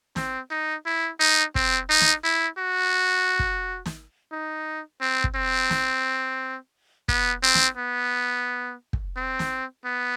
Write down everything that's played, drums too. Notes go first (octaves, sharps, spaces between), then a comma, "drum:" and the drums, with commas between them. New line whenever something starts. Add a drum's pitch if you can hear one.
C4, drum: snare
D#4
E4
D#4
C4, drum: kick
D#4
drum: snare
E4
F#4
drum: kick
drum: snare
D#4
C4
drum: kick
C4
drum: snare
B3, drum: kick
C4
drum: snare
B3
drum: kick
C4
drum: snare
B3